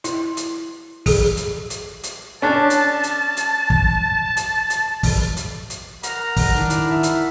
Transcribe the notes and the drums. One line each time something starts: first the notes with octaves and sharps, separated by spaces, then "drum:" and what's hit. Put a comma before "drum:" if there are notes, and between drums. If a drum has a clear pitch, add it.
E4, drum: hi-hat
drum: hi-hat
G#4 A4, drum: kick, open hi-hat
drum: hi-hat
drum: hi-hat
drum: hi-hat
C#4 D4 A5
drum: hi-hat
drum: hi-hat
drum: hi-hat
drum: kick
drum: hi-hat
drum: hi-hat
drum: kick, open hi-hat
drum: hi-hat
drum: hi-hat
A#4 F#5 A#5, drum: hi-hat
drum: kick, open hi-hat
D#3 D4 E4
drum: hi-hat
E5
drum: hi-hat